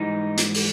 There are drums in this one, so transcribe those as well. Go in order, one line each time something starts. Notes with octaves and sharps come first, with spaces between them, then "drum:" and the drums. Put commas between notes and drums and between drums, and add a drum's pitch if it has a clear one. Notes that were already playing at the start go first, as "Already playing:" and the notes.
Already playing: G#2 E3 G3 D#4
drum: hi-hat
drum: open hi-hat